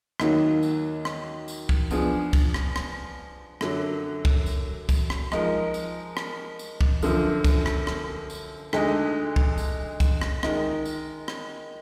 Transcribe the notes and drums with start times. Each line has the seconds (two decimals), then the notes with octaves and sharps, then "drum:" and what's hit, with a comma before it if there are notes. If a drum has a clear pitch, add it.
0.20 D#2 D#3 F#3, drum: rim click
0.63 drum: tambourine
1.05 drum: rim click
1.48 drum: tambourine
1.69 drum: kick C2
1.91 F3 B3 D4 G#4, drum: tambourine
2.33 drum: kick C2, tambourine
2.54 drum: rim click
2.76 drum: rim click
3.61 F#2 D3 F#3, drum: rim click
4.25 drum: kick C2
4.46 drum: tambourine
4.89 drum: kick C2, tambourine
5.10 drum: rim click
5.32 F3 G#3 D#4 A#4, drum: rim click
5.74 drum: tambourine
6.17 drum: rim click
6.59 drum: tambourine
6.81 drum: kick C2
7.02 F#2 D3 F3, drum: tambourine
7.44 drum: kick C2, tambourine
7.66 drum: rim click
7.87 drum: rim click
8.30 drum: tambourine
8.73 D2 D3 G#3 D#4, drum: rim click
9.36 drum: kick C2
9.58 drum: tambourine
10.00 drum: kick C2, tambourine
10.22 drum: rim click
10.43 D#3 G#3 D#4 A#4, drum: rim click
10.85 drum: tambourine
11.28 drum: rim click